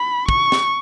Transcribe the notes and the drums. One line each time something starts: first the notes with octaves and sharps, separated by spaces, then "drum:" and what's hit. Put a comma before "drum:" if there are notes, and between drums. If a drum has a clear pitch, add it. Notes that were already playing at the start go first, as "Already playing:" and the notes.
Already playing: B5
C#6, drum: kick
drum: snare